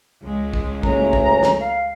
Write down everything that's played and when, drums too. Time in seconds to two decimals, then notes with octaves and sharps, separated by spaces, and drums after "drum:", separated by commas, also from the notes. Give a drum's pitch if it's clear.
0.24 C#2 G#3
0.54 drum: kick
0.83 F#1 A3 C#4 A#5, drum: kick
1.13 drum: kick
1.43 drum: snare
1.60 F5